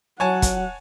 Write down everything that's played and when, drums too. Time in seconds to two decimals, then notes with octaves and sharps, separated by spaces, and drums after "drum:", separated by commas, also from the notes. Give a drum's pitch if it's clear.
0.20 F#3 C#5 F#5 G#5 A5
0.42 drum: kick, hi-hat